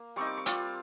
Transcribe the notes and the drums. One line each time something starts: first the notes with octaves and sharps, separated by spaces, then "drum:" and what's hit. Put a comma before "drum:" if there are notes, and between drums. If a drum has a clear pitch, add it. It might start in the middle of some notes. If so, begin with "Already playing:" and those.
Already playing: A#3
G3 C4 D#4 C#6
D6
C#6
G3 C4 F4, drum: hi-hat